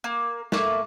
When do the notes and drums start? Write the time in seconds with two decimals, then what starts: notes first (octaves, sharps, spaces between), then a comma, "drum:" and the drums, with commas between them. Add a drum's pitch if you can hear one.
0.04 A#3
0.52 A3 A#3, drum: snare